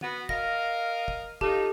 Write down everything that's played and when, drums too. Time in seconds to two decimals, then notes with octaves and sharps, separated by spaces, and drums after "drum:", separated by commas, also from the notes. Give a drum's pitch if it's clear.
0.01 B3 F#4, drum: tom
0.29 A#4 D#5 F5 A#6, drum: kick
1.08 drum: kick
1.41 D#4 F4 G4 A4 A5, drum: kick